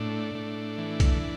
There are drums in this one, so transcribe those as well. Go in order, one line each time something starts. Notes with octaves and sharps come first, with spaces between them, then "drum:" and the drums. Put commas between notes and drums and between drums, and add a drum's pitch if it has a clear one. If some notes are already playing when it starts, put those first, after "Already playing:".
Already playing: A2 D4
A2
E3
drum: kick B1, hi-hat